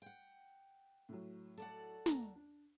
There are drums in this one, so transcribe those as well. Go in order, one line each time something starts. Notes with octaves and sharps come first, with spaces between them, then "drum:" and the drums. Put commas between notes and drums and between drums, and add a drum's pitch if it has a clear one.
F#5 G5
A2 F#3
A4 D5 F#5
D#2 A#5, drum: snare
D4